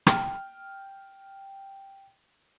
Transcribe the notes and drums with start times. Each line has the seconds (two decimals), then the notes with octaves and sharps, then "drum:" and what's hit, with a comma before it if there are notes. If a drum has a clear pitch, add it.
0.07 G5 F6, drum: rim click